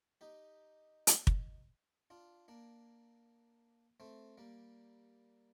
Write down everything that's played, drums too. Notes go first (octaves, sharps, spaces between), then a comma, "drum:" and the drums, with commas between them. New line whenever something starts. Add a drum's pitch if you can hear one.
D#4 G4
drum: hi-hat
drum: kick
D4 F4
A#3 D4
A3 C4
G3 A#3